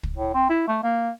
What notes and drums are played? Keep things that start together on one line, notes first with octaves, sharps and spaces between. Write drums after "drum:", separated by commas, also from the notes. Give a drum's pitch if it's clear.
drum: kick
A2
C4
E4
A3
A#3